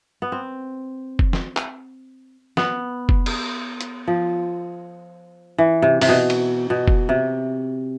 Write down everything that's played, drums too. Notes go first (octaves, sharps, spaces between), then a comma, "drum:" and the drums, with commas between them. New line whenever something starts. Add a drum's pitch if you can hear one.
B3
C4
drum: kick F1
drum: snare
drum: clap
B3, drum: snare
drum: kick F1
drum: cymbal
drum: hi-hat
F3
E3
C3
C3, drum: open hi-hat
B2
drum: cymbal
B2
drum: kick F1
C3